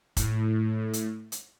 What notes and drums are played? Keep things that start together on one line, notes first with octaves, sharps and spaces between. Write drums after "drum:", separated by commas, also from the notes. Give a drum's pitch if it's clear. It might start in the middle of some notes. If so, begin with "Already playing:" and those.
A2, drum: kick, hi-hat
drum: hi-hat
drum: hi-hat